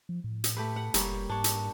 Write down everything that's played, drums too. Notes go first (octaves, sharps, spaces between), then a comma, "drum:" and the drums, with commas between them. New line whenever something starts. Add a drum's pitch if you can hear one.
F3
A2
drum: hi-hat
A3 G4 B4
F#5
F1 G3 A#3 C#5, drum: hi-hat
G#2 D4 C#5
drum: hi-hat